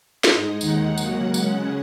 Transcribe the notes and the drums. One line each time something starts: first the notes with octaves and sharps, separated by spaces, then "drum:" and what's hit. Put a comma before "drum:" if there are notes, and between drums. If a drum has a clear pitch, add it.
G#2 G#3 D#4 D#5, drum: snare
D#2 D#3 G#3 D#4 F#5, drum: tambourine
C#3 F#3 A#3, drum: tambourine
C#3 G#3 C#4, drum: tambourine